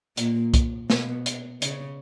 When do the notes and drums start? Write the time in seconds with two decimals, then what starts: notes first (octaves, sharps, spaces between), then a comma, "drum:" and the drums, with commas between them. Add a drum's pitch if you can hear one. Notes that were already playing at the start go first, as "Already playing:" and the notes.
0.17 A#2 A#3, drum: hi-hat
0.54 drum: kick C2, hi-hat
0.90 B2 B3, drum: snare
1.26 drum: hi-hat
1.62 C#3 C#4, drum: hi-hat